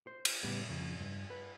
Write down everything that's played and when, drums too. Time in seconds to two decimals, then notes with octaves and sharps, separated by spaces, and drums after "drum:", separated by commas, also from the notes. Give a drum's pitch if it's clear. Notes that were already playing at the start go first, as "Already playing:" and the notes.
0.07 C5
0.25 drum: cymbal
0.43 A2 C#3 G3 B3
0.69 F2 C#3
1.00 G2
1.30 B4